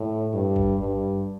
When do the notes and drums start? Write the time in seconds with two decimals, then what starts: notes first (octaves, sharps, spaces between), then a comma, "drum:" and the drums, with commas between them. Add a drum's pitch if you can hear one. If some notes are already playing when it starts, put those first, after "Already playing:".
Already playing: A2
0.34 G2
0.56 drum: kick
0.80 G2